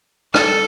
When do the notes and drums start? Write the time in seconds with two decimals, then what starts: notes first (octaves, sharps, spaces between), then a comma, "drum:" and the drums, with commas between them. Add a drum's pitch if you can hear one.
0.34 A4, drum: rim click